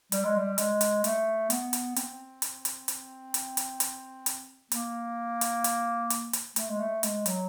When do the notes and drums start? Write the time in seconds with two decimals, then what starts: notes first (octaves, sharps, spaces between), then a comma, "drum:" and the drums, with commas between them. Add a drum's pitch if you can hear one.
0.12 G3, drum: hi-hat
0.24 G#3
0.37 G3
0.58 G#3, drum: hi-hat
0.81 drum: hi-hat
1.04 A3, drum: hi-hat
1.50 B3, drum: hi-hat
1.73 drum: hi-hat
1.96 C4, drum: hi-hat
2.42 drum: hi-hat
2.65 drum: hi-hat
2.88 drum: hi-hat
3.34 drum: hi-hat
3.57 drum: hi-hat
3.80 drum: hi-hat
4.26 drum: hi-hat
4.72 A#3, drum: hi-hat
5.41 drum: hi-hat
5.64 drum: hi-hat
6.10 drum: hi-hat
6.33 drum: hi-hat
6.56 A3, drum: hi-hat
6.69 G#3
6.80 A3
7.03 G#3, drum: hi-hat
7.26 F#3, drum: hi-hat